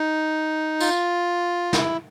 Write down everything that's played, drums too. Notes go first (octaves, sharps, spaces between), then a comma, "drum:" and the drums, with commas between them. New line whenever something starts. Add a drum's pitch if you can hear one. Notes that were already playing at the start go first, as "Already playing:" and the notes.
Already playing: D#4
F4, drum: tambourine
E4, drum: snare